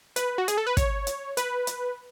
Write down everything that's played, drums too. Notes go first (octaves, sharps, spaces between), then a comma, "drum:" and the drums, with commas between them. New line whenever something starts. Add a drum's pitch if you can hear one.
B4, drum: hi-hat
F#4
G#4, drum: hi-hat
A4
B4
C#5, drum: kick, hi-hat
drum: hi-hat
B4, drum: hi-hat
drum: hi-hat